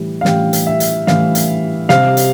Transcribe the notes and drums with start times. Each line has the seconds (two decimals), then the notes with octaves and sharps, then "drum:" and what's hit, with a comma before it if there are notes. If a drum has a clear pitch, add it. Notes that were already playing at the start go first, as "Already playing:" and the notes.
Already playing: A2 E3 G3
0.21 F5
0.25 A2 E3 G3 G5, drum: snare
0.53 drum: hi-hat
0.67 E5
0.80 drum: hi-hat
1.07 A2 E3 G3 F5, drum: snare
1.35 drum: hi-hat
1.89 C3 G3 F5, drum: snare
2.17 drum: hi-hat